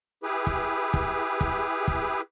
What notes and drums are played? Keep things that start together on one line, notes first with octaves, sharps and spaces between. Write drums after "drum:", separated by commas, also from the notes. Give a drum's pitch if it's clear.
E4 G4 G#4 B4
drum: kick
drum: kick
drum: kick
drum: kick